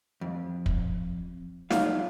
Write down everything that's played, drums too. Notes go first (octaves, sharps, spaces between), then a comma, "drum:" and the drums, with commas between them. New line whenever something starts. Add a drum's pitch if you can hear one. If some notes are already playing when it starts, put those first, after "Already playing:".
F2
drum: kick
F2 A2 F#3 D#4 F4 F5, drum: snare